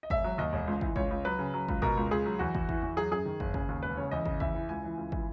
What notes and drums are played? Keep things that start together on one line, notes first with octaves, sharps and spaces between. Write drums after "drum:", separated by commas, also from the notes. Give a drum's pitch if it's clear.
D#5
E1 E5, drum: kick
F#3
D#2 D#5
E1
C#2
E3, drum: kick
C#2 C#5, drum: kick
C#2
F#3 B4
C#3
F#3
C#2, drum: kick
B2 A#4, drum: kick
C#2
C#2 G#4
F#3
E2 F#4
E2, drum: kick
E3, drum: kick
E2
F#3 G#4
F#2 G#4
D#3
F#1, drum: kick
C#3, drum: kick
D#2
E1 B4
C#3 C#5
E2 D#5
C#3, drum: kick
E2 E5, drum: kick
E3
C#2 G#5
E3
C#2
E3, drum: kick